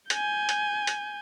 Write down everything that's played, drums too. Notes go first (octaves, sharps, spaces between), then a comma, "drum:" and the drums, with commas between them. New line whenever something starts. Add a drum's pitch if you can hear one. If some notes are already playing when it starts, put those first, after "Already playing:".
G#5 G6, drum: hi-hat
drum: hi-hat
drum: hi-hat